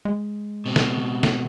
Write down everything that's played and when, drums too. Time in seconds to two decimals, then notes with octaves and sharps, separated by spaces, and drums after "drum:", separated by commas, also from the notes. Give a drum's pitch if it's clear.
0.05 G#3
0.66 B2 C4
0.76 drum: snare
1.23 drum: snare